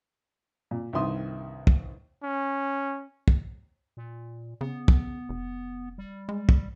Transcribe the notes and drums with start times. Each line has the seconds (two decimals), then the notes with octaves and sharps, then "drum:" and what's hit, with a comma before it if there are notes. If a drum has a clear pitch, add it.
0.71 A#2
0.93 C2 G2 D#3 E5 C6 D#6
1.67 drum: kick
2.23 C#4
3.28 drum: kick
3.97 A#2
4.61 C#3 B3
4.88 drum: kick
5.29 F1
5.98 G3
6.29 G#3
6.49 drum: kick